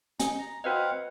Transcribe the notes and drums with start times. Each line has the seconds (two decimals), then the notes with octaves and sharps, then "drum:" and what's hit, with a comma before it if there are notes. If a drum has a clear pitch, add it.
0.20 D#4 G#5, drum: hi-hat
0.38 A#5
0.64 C4 F#4 B4 D#5 F5 F#5